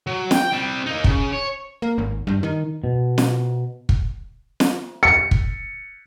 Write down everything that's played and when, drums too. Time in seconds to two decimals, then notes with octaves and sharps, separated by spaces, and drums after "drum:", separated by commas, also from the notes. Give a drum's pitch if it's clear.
0.07 F#3
0.31 G5, drum: snare
0.53 G3 C4
0.86 A#3 D#4
1.04 C#3, drum: kick
1.32 C#5
1.82 A#3
1.98 G#1
2.27 G2
2.43 D#3
2.84 B2
3.18 drum: snare
3.89 drum: kick
4.60 drum: snare
5.03 C#7
5.31 drum: kick